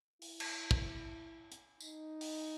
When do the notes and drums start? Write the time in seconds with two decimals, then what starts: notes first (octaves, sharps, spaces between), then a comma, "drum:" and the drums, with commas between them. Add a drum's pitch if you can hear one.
0.22 E4, drum: open hi-hat
0.40 drum: cymbal
0.71 drum: kick
1.52 drum: hi-hat
1.81 D#4, drum: tambourine
2.21 drum: open hi-hat